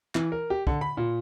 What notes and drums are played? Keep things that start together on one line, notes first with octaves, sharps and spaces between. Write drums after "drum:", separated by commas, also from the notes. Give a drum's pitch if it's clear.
E3, drum: clap
A#4
G4
D3, drum: kick
B5
A#2